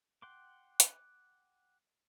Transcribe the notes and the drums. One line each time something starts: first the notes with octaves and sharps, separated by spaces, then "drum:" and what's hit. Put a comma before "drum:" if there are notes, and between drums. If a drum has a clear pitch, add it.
F#5 G5 C6 D6
drum: hi-hat